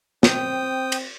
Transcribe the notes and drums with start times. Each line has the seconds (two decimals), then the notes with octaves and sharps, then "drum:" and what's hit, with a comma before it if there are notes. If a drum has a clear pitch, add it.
0.23 C4 G5 D#6, drum: snare
0.92 drum: cymbal